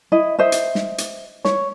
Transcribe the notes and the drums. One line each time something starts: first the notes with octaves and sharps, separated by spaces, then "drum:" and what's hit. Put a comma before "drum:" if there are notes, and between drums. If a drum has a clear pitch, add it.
E4 D#5
C5 D#5 E5
drum: hi-hat
drum: snare
drum: hi-hat
C#5, drum: snare